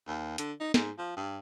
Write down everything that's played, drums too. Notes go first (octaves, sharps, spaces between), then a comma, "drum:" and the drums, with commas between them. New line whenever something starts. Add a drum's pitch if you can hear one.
D#2
D3, drum: hi-hat
D#4
G#2, drum: snare
F3
G2